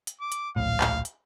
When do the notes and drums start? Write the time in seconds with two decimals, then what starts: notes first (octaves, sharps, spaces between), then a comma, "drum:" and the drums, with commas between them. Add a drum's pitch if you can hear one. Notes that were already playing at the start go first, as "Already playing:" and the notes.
0.07 drum: hi-hat
0.20 D6
0.32 drum: hi-hat
0.56 D1 A#1 A2 F5
0.81 drum: clap
1.05 drum: hi-hat